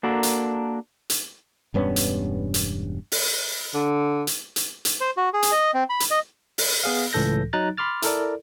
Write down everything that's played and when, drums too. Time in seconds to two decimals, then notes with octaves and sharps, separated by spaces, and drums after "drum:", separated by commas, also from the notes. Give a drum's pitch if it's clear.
0.03 A#3 D4 F#4 A4 A#4
0.23 drum: hi-hat
1.10 drum: hi-hat
1.74 E1 G2 B3 C#4
1.96 drum: hi-hat
2.54 drum: hi-hat
3.12 drum: open hi-hat
3.74 D3
4.27 drum: hi-hat
4.56 drum: hi-hat
4.85 drum: hi-hat
5.01 C5
5.17 F#4
5.34 G#4
5.43 drum: hi-hat
5.52 D#5
5.74 C4
5.90 B5
6.00 drum: hi-hat
6.11 D#5
6.58 drum: open hi-hat
6.84 B3 G#4 F5
7.13 C#2 A2 E3 A4 G6 A#6
7.53 F#3 D#4 A#5 F#6 A6
7.77 B5 C6 D6 F6 A6
8.02 E4 A4 A#4 D5, drum: hi-hat